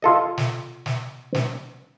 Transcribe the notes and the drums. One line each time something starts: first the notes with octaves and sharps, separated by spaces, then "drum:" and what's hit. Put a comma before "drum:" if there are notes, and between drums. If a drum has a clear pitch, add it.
F4 A4 D#5
drum: snare
drum: snare
drum: snare